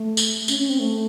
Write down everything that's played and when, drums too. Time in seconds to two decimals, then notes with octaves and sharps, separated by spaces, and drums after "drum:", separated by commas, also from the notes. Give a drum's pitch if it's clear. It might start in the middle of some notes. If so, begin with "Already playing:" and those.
Already playing: A3
0.17 drum: tambourine
0.48 C#4, drum: tambourine
0.59 C#4
0.69 C4
0.79 A3